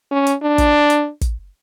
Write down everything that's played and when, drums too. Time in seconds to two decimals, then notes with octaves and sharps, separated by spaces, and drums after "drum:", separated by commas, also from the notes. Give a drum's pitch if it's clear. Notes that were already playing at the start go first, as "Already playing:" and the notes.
0.11 C#4
0.27 drum: hi-hat
0.43 D4
0.58 drum: kick, hi-hat
0.90 drum: hi-hat
1.21 drum: kick, hi-hat